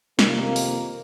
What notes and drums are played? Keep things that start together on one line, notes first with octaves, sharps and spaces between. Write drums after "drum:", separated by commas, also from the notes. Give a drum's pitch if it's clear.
F2 C3 D#3 A#3, drum: snare
drum: open hi-hat